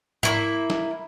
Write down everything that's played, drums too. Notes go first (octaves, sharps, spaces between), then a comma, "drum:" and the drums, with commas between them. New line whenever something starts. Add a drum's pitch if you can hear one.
A#3 C#4 E4, drum: tom G#2
drum: snare